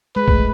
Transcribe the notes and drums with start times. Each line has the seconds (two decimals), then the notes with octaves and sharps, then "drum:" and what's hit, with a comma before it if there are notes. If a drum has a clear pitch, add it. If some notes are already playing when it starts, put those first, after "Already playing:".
0.16 G#3 B4
0.28 A3, drum: kick A#1